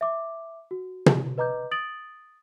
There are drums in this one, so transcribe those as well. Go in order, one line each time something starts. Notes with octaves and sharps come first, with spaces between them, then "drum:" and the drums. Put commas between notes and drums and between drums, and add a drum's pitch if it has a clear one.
E5 D6
F#4
drum: tom
B4 D#5 A#5 D6 G6
D#6 A6 D7 F#7